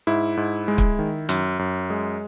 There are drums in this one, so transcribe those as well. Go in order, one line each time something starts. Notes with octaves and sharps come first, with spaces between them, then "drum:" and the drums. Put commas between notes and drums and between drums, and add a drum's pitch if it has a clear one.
G#2 E4
G#2
G#3
drum: kick
D#3
F#2, drum: hi-hat
F#2
G#3